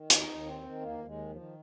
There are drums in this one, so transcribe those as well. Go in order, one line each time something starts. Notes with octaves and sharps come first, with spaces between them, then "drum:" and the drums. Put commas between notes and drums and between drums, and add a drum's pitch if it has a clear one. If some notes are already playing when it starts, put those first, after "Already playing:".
Already playing: D#3
D#2 D#4, drum: hi-hat
D#2
D#3 C4
D#3
D#2 A#3
D#2 F3
G#3
D#3
F3
D#3